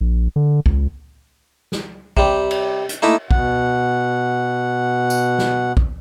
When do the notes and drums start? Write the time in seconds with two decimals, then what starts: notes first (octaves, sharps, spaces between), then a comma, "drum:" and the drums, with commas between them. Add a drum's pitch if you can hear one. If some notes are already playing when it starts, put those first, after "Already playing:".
0.01 A#1
0.36 D3
0.66 C#2, drum: kick A#1
1.72 drum: snare
2.17 C3 G3, drum: kick A#1
2.51 drum: cymbal
2.89 drum: hi-hat
3.02 A3 A#3 D#4 E4
3.31 B2 F#5, drum: kick A#1
5.10 drum: tambourine
5.38 drum: snare
5.77 drum: kick A#1